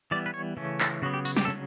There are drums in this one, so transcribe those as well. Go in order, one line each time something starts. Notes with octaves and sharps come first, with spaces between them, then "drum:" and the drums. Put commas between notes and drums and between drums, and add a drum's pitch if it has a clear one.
E3 G3 B3 D5
B4
C#5
C#3 E3 A3 C#4
A4, drum: clap
C#3 F#3 B3 F#4
G4
F#4, drum: tambourine
G4, drum: snare
C#3 F#3 A4